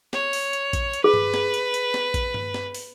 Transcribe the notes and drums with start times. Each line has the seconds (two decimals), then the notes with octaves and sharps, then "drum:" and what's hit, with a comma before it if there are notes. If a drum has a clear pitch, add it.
0.13 C#5, drum: snare
0.33 drum: open hi-hat
0.53 drum: hi-hat
0.73 drum: kick A#1, hi-hat
0.93 drum: hi-hat
1.04 G#4 B4
1.14 drum: tom G2
1.34 drum: snare
1.54 drum: hi-hat
1.74 drum: hi-hat
1.94 drum: snare
2.14 drum: kick A#1, hi-hat
2.34 drum: tom G2
2.54 drum: snare
2.75 drum: open hi-hat